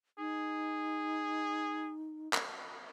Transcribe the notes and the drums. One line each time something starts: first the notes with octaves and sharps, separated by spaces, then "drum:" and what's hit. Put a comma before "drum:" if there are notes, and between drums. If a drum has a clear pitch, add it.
D#4 G#4
drum: clap